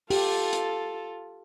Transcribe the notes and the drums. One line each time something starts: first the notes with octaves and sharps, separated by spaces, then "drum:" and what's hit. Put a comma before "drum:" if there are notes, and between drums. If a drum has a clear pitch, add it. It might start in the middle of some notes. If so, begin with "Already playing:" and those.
F4 G4 A4, drum: open hi-hat
drum: hi-hat